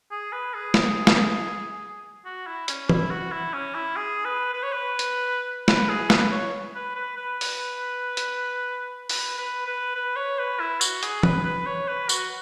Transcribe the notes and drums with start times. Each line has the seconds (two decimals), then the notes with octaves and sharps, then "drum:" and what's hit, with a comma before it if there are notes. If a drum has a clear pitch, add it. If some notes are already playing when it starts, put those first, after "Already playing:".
0.11 G#4
0.33 B4
0.54 G#4
0.74 drum: snare
1.07 drum: snare
2.25 F#4
2.47 E4
2.68 C#4, drum: hi-hat
2.89 E4, drum: tom
3.11 F#4
3.32 E4
3.54 C#4
3.75 E4
3.96 G#4
4.25 B4
4.53 B4
4.63 C#5
4.72 B4
4.99 drum: hi-hat
5.68 B4, drum: snare
5.89 G#4
6.10 B4, drum: snare
6.32 C#5
6.75 B4
6.96 B4
7.17 B4
7.41 drum: open hi-hat
8.17 drum: hi-hat
9.10 B4, drum: open hi-hat
9.38 B4
9.67 B4
9.96 B4
10.16 C#5
10.39 B4
10.60 E4
10.81 F#4, drum: tambourine
11.03 G#4, drum: hi-hat
11.23 B4, drum: tom E3
11.45 B4
11.66 C#5
11.88 B4
12.09 F#4, drum: tambourine